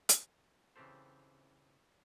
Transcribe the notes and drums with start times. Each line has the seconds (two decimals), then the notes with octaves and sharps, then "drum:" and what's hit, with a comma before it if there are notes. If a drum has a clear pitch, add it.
0.09 drum: hi-hat
0.76 C#3 E3 C4 G4 A4 C5